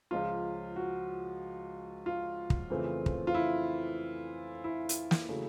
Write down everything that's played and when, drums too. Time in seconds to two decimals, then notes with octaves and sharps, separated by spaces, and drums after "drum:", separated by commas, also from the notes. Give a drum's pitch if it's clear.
0.11 C#2 C#3 F3 F4
0.76 F#4
2.06 F4
2.50 drum: kick
2.70 F2 C#3 E3 A3 C4
3.06 drum: kick
3.27 F4
3.34 E4
4.64 E4
4.89 drum: hi-hat
5.11 drum: snare
5.29 C#3 F#3 A3